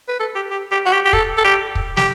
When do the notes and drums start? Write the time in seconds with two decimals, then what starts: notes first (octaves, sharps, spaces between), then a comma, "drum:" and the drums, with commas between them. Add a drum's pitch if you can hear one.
0.08 B4
0.19 A4
0.35 G4
0.51 G4
0.72 G4
0.86 F#4
0.92 G4
1.06 G4
1.13 A4, drum: kick
1.37 A4
1.44 G4
1.75 drum: kick
1.97 G4, drum: snare